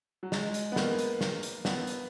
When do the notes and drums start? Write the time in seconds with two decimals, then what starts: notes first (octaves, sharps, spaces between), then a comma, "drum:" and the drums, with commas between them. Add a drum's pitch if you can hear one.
0.23 F#3
0.32 G#3, drum: snare
0.54 drum: hi-hat
0.72 B3
0.76 A#3, drum: snare
0.99 drum: hi-hat
1.21 drum: snare
1.43 drum: hi-hat
1.65 B3, drum: snare
1.87 drum: hi-hat